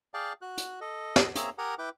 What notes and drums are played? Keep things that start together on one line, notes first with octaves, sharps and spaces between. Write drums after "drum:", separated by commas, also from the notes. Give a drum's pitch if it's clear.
G#4 D5 F5 G5 A5
F#4 F#6
drum: hi-hat
A4 D#5
drum: snare
A#3 C4 G#4 C#5 E5 A#5, drum: hi-hat
G4 A#4 F#5 G#5 A#5 D#6
E4 B4 G5 D6